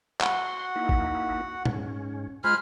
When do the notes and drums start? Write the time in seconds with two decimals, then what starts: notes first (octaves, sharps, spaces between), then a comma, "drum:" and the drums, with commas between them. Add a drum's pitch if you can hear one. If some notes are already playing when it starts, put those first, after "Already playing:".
0.21 F#4 F#5 C6, drum: clap
0.76 A#3 D#4 E4
0.89 drum: kick
1.65 G#2 C#4, drum: tom
2.44 G#3 F4 C5 G#5 B5 F6